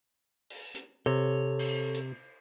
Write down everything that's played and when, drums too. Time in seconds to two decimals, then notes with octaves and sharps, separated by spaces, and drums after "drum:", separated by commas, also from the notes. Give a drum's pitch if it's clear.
0.50 drum: open hi-hat
0.75 drum: hi-hat
1.06 C3 A4 C#5
1.59 drum: cymbal
1.94 drum: hi-hat